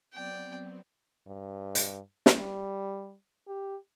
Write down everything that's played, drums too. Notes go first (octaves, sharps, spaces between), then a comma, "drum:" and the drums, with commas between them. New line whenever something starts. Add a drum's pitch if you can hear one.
F#3 B3 C4 D5 G5
G2
drum: hi-hat
drum: snare
G3
G4